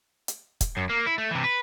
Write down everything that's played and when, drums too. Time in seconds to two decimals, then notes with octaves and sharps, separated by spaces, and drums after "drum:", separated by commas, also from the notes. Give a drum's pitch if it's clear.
0.28 drum: hi-hat
0.61 drum: kick, hi-hat
0.77 F#2
0.90 A#3
1.07 E4
1.18 A3
1.31 C3 E3
1.44 B4